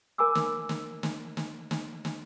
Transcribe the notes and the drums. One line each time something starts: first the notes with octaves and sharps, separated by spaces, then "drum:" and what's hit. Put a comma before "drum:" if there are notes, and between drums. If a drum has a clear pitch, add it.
A#4 G#5 B5 D6 E6
drum: snare
drum: snare
drum: snare
drum: snare
drum: snare
drum: snare